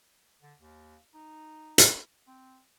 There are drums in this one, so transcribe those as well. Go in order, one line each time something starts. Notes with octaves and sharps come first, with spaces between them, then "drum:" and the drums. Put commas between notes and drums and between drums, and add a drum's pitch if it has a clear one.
D3
D#2
D#4
drum: hi-hat
C4